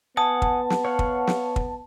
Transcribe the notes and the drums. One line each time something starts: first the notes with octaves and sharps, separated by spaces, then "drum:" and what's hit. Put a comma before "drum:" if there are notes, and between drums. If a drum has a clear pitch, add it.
B3 F#5 G#5 A5 D#6
drum: kick
drum: snare
C#5 F5 F#5
drum: kick
drum: snare
drum: kick